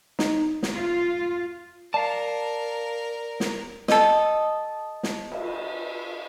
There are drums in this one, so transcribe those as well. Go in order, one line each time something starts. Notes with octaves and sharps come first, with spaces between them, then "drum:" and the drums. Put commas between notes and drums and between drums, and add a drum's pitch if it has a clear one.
D#4, drum: snare
drum: snare
F4
A#4 D5 F5 A5
drum: snare
A4 D#5, drum: snare
drum: snare
drum: cymbal